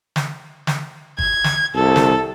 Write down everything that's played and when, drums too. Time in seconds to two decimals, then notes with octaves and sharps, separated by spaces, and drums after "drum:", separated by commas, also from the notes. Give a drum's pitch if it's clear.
0.16 drum: snare
0.67 drum: snare
1.19 G#6, drum: kick
1.44 drum: snare
1.75 C2 A4
1.96 drum: snare